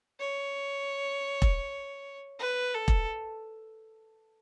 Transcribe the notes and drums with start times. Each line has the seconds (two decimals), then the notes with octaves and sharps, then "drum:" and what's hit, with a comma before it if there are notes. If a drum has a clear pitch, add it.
0.20 C#5
1.42 drum: kick E1
2.40 B4
2.75 A4
2.88 drum: kick E1